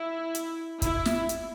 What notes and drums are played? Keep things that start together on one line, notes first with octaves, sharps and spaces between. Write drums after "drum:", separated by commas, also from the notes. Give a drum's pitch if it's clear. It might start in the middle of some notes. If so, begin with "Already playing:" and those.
Already playing: E4
drum: hi-hat
E4, drum: kick, hi-hat
drum: snare
drum: hi-hat